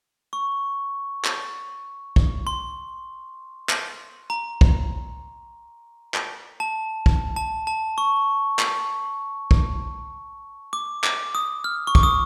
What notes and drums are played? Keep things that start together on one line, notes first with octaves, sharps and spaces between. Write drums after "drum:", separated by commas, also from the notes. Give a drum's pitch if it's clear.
C#6
drum: clap
drum: kick
C6
drum: clap
A#5
drum: kick
drum: clap
A5
drum: kick
A5
A5
C#6
drum: clap
drum: kick
D6
D6, drum: clap
D#6
F6
C#6
D6, drum: kick
D#6